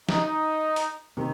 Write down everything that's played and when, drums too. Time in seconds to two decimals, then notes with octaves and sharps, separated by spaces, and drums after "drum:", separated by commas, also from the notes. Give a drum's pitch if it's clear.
0.09 D#4, drum: snare
0.76 drum: hi-hat
1.17 C3 D#3